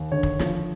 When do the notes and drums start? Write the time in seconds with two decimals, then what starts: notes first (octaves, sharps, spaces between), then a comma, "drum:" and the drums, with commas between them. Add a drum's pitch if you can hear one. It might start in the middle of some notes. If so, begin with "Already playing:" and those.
Already playing: D#2
0.11 D3 C#5
0.23 drum: kick
0.40 F3, drum: snare